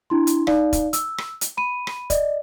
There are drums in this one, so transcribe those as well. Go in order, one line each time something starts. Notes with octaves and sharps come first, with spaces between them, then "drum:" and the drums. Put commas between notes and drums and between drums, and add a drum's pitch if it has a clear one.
D4 E4 C6
drum: hi-hat
D#4 D5 F5, drum: rim click
drum: kick E1, hi-hat
E6, drum: hi-hat
drum: rim click
drum: hi-hat
B5 D#7
drum: rim click
D5 D#5, drum: kick E1, hi-hat